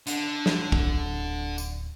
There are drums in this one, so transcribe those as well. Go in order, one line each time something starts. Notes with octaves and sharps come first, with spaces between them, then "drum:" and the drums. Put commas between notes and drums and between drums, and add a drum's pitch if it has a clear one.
D3, drum: hi-hat
drum: snare
D1, drum: kick A#1
drum: tambourine